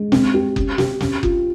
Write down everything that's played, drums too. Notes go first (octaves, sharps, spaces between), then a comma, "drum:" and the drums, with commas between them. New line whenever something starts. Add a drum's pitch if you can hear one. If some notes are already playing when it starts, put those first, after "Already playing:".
Already playing: G#3
C4, drum: snare
G4
C#4, drum: kick F#1
G4, drum: snare
C#4, drum: snare
F4, drum: kick F#1